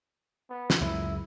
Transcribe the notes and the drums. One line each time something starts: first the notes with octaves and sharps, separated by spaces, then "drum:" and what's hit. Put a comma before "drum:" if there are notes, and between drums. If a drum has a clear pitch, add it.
B3
drum: snare
C#2 F#2 G#3 E4